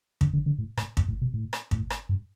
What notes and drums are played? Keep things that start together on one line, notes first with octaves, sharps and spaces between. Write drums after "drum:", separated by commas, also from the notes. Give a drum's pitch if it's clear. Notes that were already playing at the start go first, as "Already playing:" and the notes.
D3, drum: kick
D3
D3
A2
A2, drum: rim click
G2, drum: kick
A2
B2
A2
drum: rim click
A2, drum: kick
drum: rim click
G2